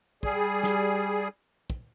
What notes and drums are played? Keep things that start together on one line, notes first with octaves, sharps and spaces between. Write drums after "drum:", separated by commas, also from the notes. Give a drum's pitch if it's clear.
G3 G#4, drum: kick
drum: snare
drum: kick